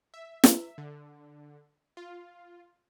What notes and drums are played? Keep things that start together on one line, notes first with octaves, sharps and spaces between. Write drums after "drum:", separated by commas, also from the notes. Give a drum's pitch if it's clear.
E5
drum: snare
D3
F4